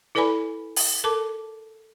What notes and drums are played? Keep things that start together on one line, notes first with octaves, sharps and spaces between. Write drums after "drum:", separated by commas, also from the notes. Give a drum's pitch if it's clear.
E4 A4 B4 D5 G#5 B5
drum: open hi-hat
A4 A#4 A5 D6